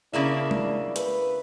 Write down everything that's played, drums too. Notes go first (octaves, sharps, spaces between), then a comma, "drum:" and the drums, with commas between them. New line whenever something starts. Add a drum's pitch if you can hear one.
C#3 A#3 D4 E4
drum: tom G#3
B4, drum: hi-hat